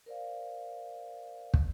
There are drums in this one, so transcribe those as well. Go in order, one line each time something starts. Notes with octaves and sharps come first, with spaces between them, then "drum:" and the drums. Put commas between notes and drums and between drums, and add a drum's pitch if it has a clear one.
A#4 C5 D5 F5
drum: kick